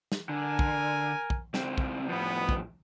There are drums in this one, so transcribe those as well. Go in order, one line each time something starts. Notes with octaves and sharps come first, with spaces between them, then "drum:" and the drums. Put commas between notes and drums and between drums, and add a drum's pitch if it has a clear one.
drum: snare
D3 A#4 G#5
drum: kick
drum: kick
C#2 C4, drum: snare
drum: kick
A2 F3 B3
drum: kick